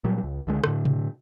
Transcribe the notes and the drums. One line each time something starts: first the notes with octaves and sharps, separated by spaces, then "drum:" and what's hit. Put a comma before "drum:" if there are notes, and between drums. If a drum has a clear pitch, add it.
A#2 F#3 G3
C#2
C#2 D3 G#3
A2 D3, drum: rim click
drum: tom C3